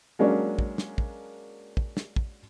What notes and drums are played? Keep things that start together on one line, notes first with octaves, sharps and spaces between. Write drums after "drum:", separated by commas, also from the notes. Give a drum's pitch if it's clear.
F#3 G#3 A#3 C#4 D4
drum: kick
drum: snare
drum: kick
drum: kick
drum: snare
drum: kick